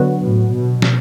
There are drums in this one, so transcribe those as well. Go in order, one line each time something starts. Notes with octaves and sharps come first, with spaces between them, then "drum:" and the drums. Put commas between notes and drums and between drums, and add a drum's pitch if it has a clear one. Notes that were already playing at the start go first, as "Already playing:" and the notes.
Already playing: D3 F#3 B3 F#4
A2
B2
drum: snare